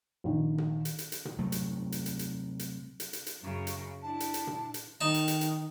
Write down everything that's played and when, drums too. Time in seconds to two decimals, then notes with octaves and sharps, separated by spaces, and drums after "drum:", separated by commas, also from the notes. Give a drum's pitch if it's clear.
0.24 A#1 D#3
0.58 drum: tom A#2
0.85 drum: hi-hat
0.98 drum: hi-hat
1.12 drum: hi-hat
1.25 drum: tom A#2
1.39 C3 F#3 A3
1.52 drum: hi-hat
1.92 drum: hi-hat
2.06 drum: hi-hat
2.19 drum: hi-hat
2.59 drum: hi-hat
3.00 drum: hi-hat
3.13 drum: hi-hat
3.27 drum: hi-hat
3.41 F#2 C#3
3.67 drum: hi-hat
4.02 D4 E4 A5
4.20 drum: hi-hat
4.34 drum: hi-hat
4.47 drum: tom A#2
4.74 drum: hi-hat
5.01 D#3 D#4 A5
5.14 drum: hi-hat
5.28 drum: hi-hat
5.41 drum: hi-hat